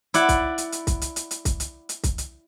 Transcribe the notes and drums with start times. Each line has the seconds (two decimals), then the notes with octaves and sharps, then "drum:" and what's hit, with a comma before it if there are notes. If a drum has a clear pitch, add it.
0.14 E4 D5 F#5, drum: hi-hat
0.29 drum: kick, hi-hat
0.58 drum: hi-hat
0.72 drum: hi-hat
0.87 drum: kick, hi-hat
1.02 drum: hi-hat
1.16 drum: hi-hat
1.31 drum: hi-hat
1.45 drum: kick, hi-hat
1.60 drum: hi-hat
1.89 drum: hi-hat
2.04 drum: kick, hi-hat
2.18 drum: hi-hat